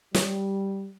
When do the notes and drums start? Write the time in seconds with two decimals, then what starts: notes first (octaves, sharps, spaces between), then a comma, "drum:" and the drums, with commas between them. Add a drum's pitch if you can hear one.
0.14 G3, drum: snare